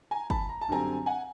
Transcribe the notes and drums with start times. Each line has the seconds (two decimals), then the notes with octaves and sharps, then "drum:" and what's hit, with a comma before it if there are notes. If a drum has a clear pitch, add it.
0.11 G#5 A#5
0.30 A5 B5, drum: kick
0.49 A#5
0.61 A5
0.68 F#2 D3 G3 C4 G#5 A#5
1.06 F#5 G#5